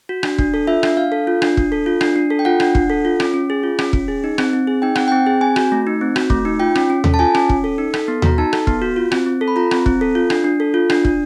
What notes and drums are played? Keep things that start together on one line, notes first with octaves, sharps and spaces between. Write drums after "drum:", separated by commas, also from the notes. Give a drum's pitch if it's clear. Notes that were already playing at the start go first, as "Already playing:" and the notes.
F#4
D4, drum: rim click
D4, drum: kick
A4
F4 E5
D4, drum: rim click
D4 F5
A4
F4
D4, drum: rim click
D4, drum: kick
A4
F4
D4, drum: rim click
D4
A4
G5
F4 F#5
D4, drum: rim click
D4, drum: kick
A4
F4
C#4, drum: rim click
C#4
G#4
F4
C#4, drum: rim click
C#4, drum: kick
G#4
D#4
C4, drum: rim click
C4
G#4
D#4 G5
C4 F#5, drum: rim click
C4 G5
G#4
C4 G#5
F#4, drum: rim click
A3
D#4
C4
F#4, drum: rim click
A3, drum: kick
D#4
F4 G5
C#4, drum: rim click
C#4
A4, drum: tom D#2
A5
F4 G#5
C#4, drum: rim click
C#4, drum: kick
A4
D#4
A4, drum: rim click
B3
F#4 A#5, drum: tom D#2
D#4 A5
A4, drum: rim click
B3, drum: kick
F#4
F4
C4, drum: rim click
C4
A4
B5
F4 A#5
C4, drum: rim click
C4, drum: kick
A4
F4
D4, drum: rim click
D4
A4
F4
D4, drum: rim click
D4, drum: kick